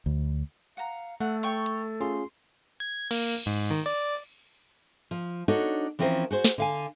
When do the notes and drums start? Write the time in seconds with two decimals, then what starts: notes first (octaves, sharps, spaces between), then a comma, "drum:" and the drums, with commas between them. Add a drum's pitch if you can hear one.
0.06 D2
0.77 F5 F#5 A#5
1.20 A3 A4 F#5
1.43 C#5 G5 C#6, drum: hi-hat
1.66 drum: hi-hat
2.01 C#4 F4 G#4 C6
2.80 G#6
3.11 A#3, drum: cymbal
3.46 G#2
3.71 D#3
3.86 D5
5.11 F3
5.48 D4 D#4 F#4 A4 C#5
5.99 E3 F3 C4 C#4 A#4 C5
6.31 F#4 G#4 C5
6.45 drum: snare
6.58 D3 F5 G#5